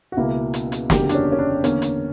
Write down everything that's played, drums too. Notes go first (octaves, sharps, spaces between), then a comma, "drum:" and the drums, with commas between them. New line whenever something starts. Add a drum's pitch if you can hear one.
F#4
C#2 B2 A#3 E4
drum: hi-hat
drum: hi-hat
F#1 E2 D3 F#3 A#3 G4, drum: snare
D4, drum: hi-hat
C#4
C#4
D4
E2 D3 A#3 C#4, drum: hi-hat
drum: hi-hat